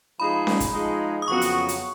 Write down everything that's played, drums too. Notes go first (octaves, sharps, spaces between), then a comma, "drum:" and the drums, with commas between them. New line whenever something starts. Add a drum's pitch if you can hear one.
F3 G#3 D#4 G#4 B5
drum: snare C#4
drum: kick, hi-hat
F3 G#3 D#4 G#4
D#6
F2 C#3 F#3 B3 F#4 C#6
drum: hi-hat
drum: hi-hat